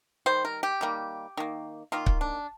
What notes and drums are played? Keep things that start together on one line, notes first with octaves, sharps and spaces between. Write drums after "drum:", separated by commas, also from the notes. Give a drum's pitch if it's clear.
D#3 G3 C5
A#4
G4
D#3 G3 A#3
D#3 A#3
D#3 A#3 F4
drum: kick C#1
D4